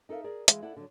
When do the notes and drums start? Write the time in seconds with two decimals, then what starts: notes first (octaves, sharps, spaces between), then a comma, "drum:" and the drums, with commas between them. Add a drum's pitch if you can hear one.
0.09 D#4 A4 A#4 E5 F5
0.24 G#4 A#4 D5
0.48 E3 G#3 F4 E5, drum: hi-hat
0.62 E4 A4 D5 F#5
0.77 D3 F#3